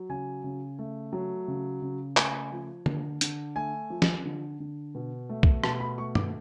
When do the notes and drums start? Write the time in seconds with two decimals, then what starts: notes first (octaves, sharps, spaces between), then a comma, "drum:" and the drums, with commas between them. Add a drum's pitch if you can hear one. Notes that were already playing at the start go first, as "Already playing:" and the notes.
Already playing: F#3
0.09 C#3 G#5
0.44 C#3
0.79 A3
1.13 F#3
1.48 C#3
1.82 C#3
2.17 A3 G#5, drum: clap
2.52 F3
2.86 D3, drum: tom
3.21 D3, drum: hi-hat
3.56 A3 G#5
3.90 F3
4.02 drum: snare
4.25 D3
4.60 D3
4.95 B2
5.29 A3
5.43 drum: kick B1
5.64 B2 A5, drum: rim click
5.80 B5
5.98 A3 C#6
6.15 D6, drum: tom